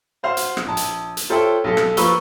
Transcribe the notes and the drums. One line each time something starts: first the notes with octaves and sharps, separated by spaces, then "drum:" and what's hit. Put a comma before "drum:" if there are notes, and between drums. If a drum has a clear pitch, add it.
F#4 C5 F5
drum: hi-hat
drum: rim click
A#1 A5
drum: hi-hat
drum: hi-hat
F4 A4 C5 C#5 E5 G5
B1 A4
drum: rim click
F3 A#3 B4 C#6 E6 G7, drum: hi-hat